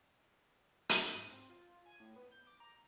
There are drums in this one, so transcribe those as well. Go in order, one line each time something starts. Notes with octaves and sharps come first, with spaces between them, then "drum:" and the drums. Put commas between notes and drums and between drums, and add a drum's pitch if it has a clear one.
drum: hi-hat
G#2
C4
F4
G#5
A2
B3
G6
D6
A#5